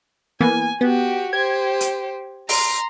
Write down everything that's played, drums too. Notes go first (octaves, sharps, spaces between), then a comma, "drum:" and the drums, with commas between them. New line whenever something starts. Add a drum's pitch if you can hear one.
E3 A#3 B3 G#5
B3 F#4 G4
G4 C5 G#6
drum: hi-hat
A#5 C6, drum: open hi-hat